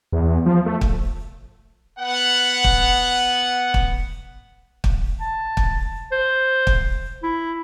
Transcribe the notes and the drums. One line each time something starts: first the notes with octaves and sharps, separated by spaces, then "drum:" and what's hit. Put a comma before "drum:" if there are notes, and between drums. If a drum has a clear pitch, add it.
E2
F3
A3
drum: kick
B3 F#5
drum: kick
drum: kick
drum: kick
A5
drum: kick
C5
drum: kick
E4